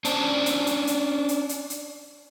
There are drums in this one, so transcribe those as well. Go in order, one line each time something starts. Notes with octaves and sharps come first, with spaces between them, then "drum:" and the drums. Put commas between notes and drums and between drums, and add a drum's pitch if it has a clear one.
C#4 D4 C5 A5, drum: hi-hat
drum: hi-hat
drum: hi-hat
drum: hi-hat
drum: hi-hat
drum: hi-hat
drum: hi-hat